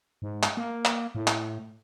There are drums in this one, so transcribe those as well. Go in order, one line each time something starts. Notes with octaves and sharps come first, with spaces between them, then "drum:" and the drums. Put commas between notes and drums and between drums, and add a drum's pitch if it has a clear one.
G#2
drum: clap
A#3
drum: clap
A2
drum: clap